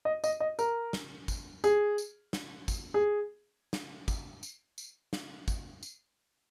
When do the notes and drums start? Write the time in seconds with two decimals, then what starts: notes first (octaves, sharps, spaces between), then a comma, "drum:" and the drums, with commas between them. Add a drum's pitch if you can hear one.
0.05 D#5
0.24 D#5, drum: tambourine
0.40 D#5
0.59 A#4, drum: tambourine
0.93 drum: snare
1.28 drum: kick, tambourine
1.64 G#4, drum: tambourine
1.98 drum: tambourine
2.33 drum: snare
2.68 drum: kick, tambourine
2.94 G#4
3.73 drum: snare
4.08 drum: kick, tambourine
4.43 drum: tambourine
4.78 drum: tambourine
5.13 drum: snare
5.48 drum: kick, tambourine
5.83 drum: tambourine